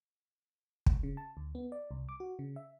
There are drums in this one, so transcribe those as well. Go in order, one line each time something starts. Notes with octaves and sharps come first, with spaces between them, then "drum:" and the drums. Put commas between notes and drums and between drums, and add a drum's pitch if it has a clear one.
C#2, drum: kick
C#3
A5
D2
B3
D5
C2
D6
F#4
C#3
E5